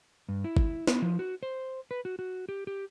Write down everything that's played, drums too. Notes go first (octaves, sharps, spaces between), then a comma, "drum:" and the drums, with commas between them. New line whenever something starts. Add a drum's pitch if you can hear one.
G2
E4
drum: kick
B3, drum: snare
F3
F#4
C5
B4
F#4
F#4
G4
G4